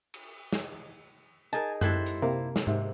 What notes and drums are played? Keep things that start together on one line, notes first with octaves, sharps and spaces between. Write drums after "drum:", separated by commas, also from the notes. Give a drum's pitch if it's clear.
drum: cymbal
drum: snare
D#4 G#4 A#4 G#5 A5
E4 G4 A4 C5 F#6, drum: tom F#2
drum: hi-hat
C3 A#3
drum: snare
G#2 C3